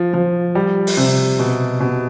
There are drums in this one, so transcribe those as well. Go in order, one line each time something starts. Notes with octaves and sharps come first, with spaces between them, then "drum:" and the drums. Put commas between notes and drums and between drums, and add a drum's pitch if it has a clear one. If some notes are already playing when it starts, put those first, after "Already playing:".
Already playing: F3
F3
G3
drum: open hi-hat
C3
B2
B2